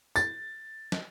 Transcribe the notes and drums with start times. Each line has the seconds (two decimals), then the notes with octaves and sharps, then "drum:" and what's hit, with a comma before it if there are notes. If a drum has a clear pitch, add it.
0.16 A6, drum: tambourine
0.92 drum: snare